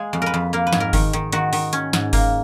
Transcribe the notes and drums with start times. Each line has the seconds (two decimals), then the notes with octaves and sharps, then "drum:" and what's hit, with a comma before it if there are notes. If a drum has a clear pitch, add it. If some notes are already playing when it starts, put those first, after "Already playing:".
Already playing: G#3 F5
0.13 F2
0.22 A#4 B4
0.34 F2
0.53 A#3 A#4
0.67 B4
0.73 G#2, drum: snare
0.80 A#4
0.93 D#3, drum: kick F#1, open hi-hat
1.13 D#3, drum: hi-hat
1.32 D#3 F#4, drum: hi-hat
1.53 D#3, drum: open hi-hat
1.73 C#4, drum: hi-hat
1.93 G#2, drum: snare
2.13 A#3, drum: kick F#1, open hi-hat